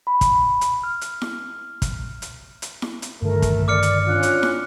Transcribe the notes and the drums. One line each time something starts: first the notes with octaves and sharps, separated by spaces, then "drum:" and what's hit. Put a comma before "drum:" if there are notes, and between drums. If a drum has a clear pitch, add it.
B5
drum: kick, hi-hat
drum: hi-hat
F6
drum: hi-hat
drum: snare E4
drum: kick, hi-hat
drum: hi-hat
drum: hi-hat
drum: snare E4
drum: hi-hat
G2 D3 D#3 A3 A#4
drum: kick, hi-hat
D5 D6 F6 C#7
drum: hi-hat
C#4 D4 F4 F#6
drum: hi-hat
drum: snare E4